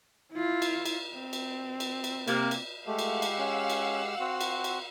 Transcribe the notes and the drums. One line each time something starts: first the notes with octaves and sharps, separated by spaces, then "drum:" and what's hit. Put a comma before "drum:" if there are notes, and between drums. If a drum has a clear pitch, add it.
E4 F4
drum: cymbal
drum: cymbal
C4
drum: cymbal
drum: cymbal
drum: cymbal
C3 A#3, drum: cymbal
drum: cymbal
G#3 A3 G4 F5 F#5 E6
drum: cymbal
drum: cymbal
C#4
drum: cymbal
C4 F#4
drum: cymbal
drum: cymbal